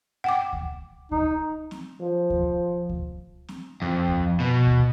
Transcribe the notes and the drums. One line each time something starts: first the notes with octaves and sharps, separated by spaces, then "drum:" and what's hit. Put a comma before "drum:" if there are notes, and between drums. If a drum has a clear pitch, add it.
F#5 G5 D6
drum: kick D2
D#4, drum: kick D2
drum: snare C4
F3
drum: kick D2
drum: kick D2
drum: snare C4
F2
drum: kick D2
B2
drum: kick D2